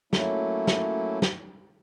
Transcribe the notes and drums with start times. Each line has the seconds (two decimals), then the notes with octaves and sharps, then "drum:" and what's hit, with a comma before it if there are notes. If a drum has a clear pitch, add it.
0.13 F#3 A3 A#3 C#4 E4, drum: snare
0.67 drum: snare
1.22 drum: snare